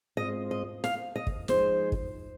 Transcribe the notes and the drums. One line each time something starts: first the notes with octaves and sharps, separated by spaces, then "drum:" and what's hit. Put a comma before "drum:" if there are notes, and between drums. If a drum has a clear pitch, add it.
G#2 G#3 C4 F4 C5 D#5
D#5
F5, drum: snare
D#5
drum: kick
F3 G#3 D#4 G#4 C5, drum: snare
drum: kick